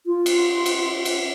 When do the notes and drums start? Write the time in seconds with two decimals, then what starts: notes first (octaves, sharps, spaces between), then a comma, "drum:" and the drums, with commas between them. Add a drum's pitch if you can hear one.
0.06 F4
0.26 drum: cymbal
0.66 drum: cymbal
1.05 drum: cymbal